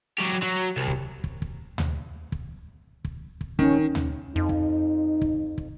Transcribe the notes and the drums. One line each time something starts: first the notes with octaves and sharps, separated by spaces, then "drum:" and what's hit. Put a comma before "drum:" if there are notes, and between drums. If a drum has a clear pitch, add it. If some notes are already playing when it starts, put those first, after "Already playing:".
F#3 G4
F#3
C2
drum: kick
drum: kick
drum: kick
drum: tom D2
drum: kick
drum: kick
drum: kick
D#3 C#4, drum: kick
drum: tom D2
F2 D#4
drum: kick
drum: kick
drum: kick